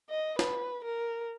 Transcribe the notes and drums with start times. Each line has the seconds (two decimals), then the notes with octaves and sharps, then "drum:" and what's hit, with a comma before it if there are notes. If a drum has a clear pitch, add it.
0.10 D#5
0.39 B4, drum: snare
0.84 A#4